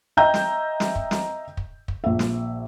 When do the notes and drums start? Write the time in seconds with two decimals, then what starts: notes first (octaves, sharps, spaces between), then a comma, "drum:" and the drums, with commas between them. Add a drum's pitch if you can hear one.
0.17 D#5 E5 G5 A#5 G6
0.34 drum: snare
0.80 drum: snare
0.96 drum: kick
1.11 drum: snare
1.57 drum: kick
1.88 drum: kick
2.04 A#1 E5
2.19 drum: snare